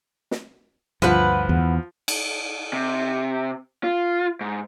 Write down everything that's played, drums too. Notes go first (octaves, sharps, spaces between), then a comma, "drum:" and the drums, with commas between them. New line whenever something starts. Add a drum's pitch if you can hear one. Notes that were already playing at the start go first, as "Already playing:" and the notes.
drum: snare
D2 G2 F3 B4 F#5
E2
drum: cymbal
C3
F4
G#2